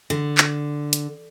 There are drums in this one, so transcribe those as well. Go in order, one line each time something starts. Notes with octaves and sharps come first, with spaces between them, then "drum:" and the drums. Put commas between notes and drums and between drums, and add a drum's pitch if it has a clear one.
D3
drum: clap
drum: hi-hat